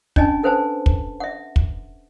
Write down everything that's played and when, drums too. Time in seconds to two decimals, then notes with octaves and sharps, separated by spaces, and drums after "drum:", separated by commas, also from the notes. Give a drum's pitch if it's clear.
0.16 C#4 D4 D#5 G#5 A5, drum: kick
0.43 A4 B4 C5 F#5 G#5 A5
0.86 drum: kick
1.20 E5 F#5
1.56 drum: kick